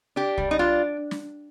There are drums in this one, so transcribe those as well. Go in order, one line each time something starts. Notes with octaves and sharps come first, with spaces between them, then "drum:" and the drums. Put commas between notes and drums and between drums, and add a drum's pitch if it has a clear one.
D4 G4
G3, drum: kick
D#4
D4 F4
drum: snare